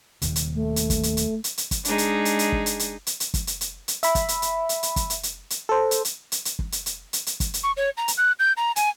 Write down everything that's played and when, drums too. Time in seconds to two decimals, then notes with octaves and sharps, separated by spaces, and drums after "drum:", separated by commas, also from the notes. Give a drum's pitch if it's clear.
0.22 D#1 D#2 C3, drum: hi-hat
0.36 drum: hi-hat
0.55 A3
0.76 drum: hi-hat
0.90 drum: kick F#1, hi-hat
1.03 drum: hi-hat
1.17 drum: hi-hat
1.44 drum: hi-hat
1.58 drum: hi-hat
1.71 drum: kick F#1, hi-hat
1.85 G#3 D4 D#4 G#4, drum: hi-hat
1.98 drum: hi-hat
2.25 drum: hi-hat
2.39 drum: hi-hat
2.52 drum: kick F#1
2.66 drum: hi-hat
2.79 drum: hi-hat
3.07 drum: hi-hat
3.20 drum: hi-hat
3.34 drum: kick F#1, hi-hat
3.47 drum: hi-hat
3.61 drum: hi-hat
3.88 drum: hi-hat
4.03 E5 B5, drum: hi-hat
4.15 drum: kick F#1, hi-hat
4.28 drum: hi-hat
4.42 drum: hi-hat
4.69 drum: hi-hat
4.83 drum: hi-hat
4.96 drum: kick F#1, hi-hat
5.10 drum: hi-hat
5.23 drum: hi-hat
5.50 drum: hi-hat
5.69 A4 C5
5.91 drum: hi-hat
6.05 drum: hi-hat
6.32 drum: hi-hat
6.45 drum: hi-hat
6.59 drum: kick F#1
6.72 drum: hi-hat
6.86 drum: hi-hat
7.13 drum: hi-hat
7.27 drum: hi-hat
7.40 drum: kick F#1, hi-hat
7.54 drum: hi-hat
7.63 C#6
7.77 C#5
7.97 A#5
8.08 drum: hi-hat
8.17 F#6
8.39 G6
8.57 A#5
8.76 G#5, drum: hi-hat